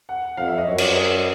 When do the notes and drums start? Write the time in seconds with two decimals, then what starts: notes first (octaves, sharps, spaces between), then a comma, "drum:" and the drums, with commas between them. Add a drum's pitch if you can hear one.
0.09 F#5
0.37 F2 F5
0.48 E5
0.58 D#5
0.67 F#2 C#5
0.78 D5, drum: cymbal
0.88 C5